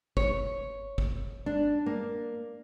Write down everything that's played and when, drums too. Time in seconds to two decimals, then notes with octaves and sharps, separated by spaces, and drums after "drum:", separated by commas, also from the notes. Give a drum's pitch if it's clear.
0.17 C#5, drum: kick
0.98 drum: kick
1.46 D4
1.86 A#3